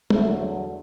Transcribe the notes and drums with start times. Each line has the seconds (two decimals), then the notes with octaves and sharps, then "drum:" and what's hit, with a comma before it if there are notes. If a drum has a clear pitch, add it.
0.10 E2 D3 F#3 A3, drum: tom